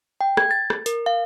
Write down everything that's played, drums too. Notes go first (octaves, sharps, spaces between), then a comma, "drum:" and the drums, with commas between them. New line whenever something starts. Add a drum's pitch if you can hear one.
G5
G#6, drum: rim click
A6
drum: rim click
A#4, drum: hi-hat
F5